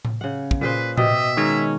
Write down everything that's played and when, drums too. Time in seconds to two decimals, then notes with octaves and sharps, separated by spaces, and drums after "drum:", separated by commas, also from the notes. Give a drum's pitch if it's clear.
0.05 drum: tom A2
0.21 C#3 F#5
0.51 drum: kick
0.61 A#2 G#4 B4 C5
0.98 B2 G4 D#5 E5, drum: tom A2
1.37 D#3 G#3 C#4 D#4